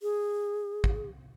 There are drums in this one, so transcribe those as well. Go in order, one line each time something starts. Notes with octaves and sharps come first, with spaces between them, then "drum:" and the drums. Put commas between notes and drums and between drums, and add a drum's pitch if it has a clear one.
G#4
drum: kick